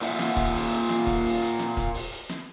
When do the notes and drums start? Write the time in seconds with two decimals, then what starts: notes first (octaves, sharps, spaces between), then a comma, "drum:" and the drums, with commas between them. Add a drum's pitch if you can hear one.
0.01 A#2 F4 E5 F#5, drum: hi-hat
0.19 drum: snare
0.36 drum: kick, hi-hat
0.54 drum: open hi-hat
0.72 drum: hi-hat
0.89 drum: snare
1.07 drum: kick, hi-hat
1.24 drum: open hi-hat
1.42 drum: hi-hat
1.59 drum: snare
1.77 drum: kick, hi-hat
1.94 drum: open hi-hat
2.12 drum: hi-hat
2.29 drum: snare